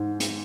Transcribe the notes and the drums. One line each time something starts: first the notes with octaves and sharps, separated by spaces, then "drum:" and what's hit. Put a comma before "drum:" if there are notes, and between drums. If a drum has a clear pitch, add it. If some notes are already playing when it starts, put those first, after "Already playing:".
Already playing: G#2
drum: hi-hat